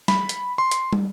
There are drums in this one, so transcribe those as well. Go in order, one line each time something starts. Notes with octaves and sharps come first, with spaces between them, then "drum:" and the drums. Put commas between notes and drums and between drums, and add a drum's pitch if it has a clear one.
B5, drum: snare
drum: hi-hat
C6
drum: hi-hat
drum: tom